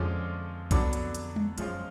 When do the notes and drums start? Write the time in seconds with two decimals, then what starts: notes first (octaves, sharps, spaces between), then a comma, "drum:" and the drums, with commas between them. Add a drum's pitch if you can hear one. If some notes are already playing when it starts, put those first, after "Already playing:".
Already playing: F2 D3 F3 G#3 C#4 F4
0.71 D3 F#3 B3 D4, drum: kick C2, hi-hat
0.93 drum: hi-hat
1.14 drum: hi-hat
1.36 drum: tom G3
1.58 F#2 F3 G#3 C#4 F4, drum: hi-hat